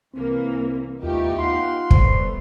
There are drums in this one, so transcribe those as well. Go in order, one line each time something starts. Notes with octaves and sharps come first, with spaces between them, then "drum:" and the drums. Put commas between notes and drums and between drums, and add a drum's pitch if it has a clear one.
C2 E3 A#3 C4
D#2 A3 B3 D#4 F4 G4
F4 F5 F#5 C6
G3 A3 B3 C5, drum: kick